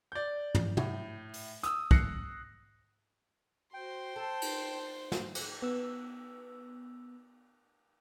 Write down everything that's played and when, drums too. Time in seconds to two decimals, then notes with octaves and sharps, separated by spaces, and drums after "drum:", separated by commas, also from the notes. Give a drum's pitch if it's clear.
0.12 D5 G6
0.55 drum: tom
0.77 A2, drum: tom
1.34 drum: open hi-hat
1.63 D#6 E6, drum: hi-hat
1.91 F#6 A#6 C7 C#7, drum: kick
3.74 F#4 C5 G5 C6
4.16 A4 A5
4.42 drum: cymbal
5.12 drum: snare
5.35 drum: cymbal
5.62 B3 E6